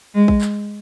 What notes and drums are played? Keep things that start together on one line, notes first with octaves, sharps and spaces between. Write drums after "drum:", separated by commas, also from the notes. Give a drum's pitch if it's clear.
G#3
drum: kick
drum: clap